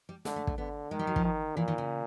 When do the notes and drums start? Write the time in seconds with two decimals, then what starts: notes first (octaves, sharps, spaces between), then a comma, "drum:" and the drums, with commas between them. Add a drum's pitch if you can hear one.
0.09 G3
0.25 D3 G#3, drum: snare
0.36 A3
0.47 A3, drum: kick
0.58 D3 B3
0.91 D#3 G#3
0.99 G3
1.07 F#3
1.16 F3, drum: kick
1.24 D#3
1.57 A#2 E3
1.68 D#3
1.78 C#3